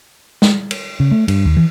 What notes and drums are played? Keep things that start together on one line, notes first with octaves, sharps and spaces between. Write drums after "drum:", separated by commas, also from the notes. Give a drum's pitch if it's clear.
drum: snare
drum: cymbal
C#3
A3
G2, drum: cymbal
D#2
E3